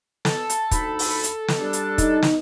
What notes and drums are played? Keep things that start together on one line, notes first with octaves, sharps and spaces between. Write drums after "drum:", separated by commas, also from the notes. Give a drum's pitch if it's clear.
A4, drum: snare
drum: hi-hat
D2 D#4 B5, drum: kick, hi-hat
drum: open hi-hat
drum: hi-hat
drum: snare
G3 D4
drum: hi-hat
D#4, drum: kick, hi-hat
drum: snare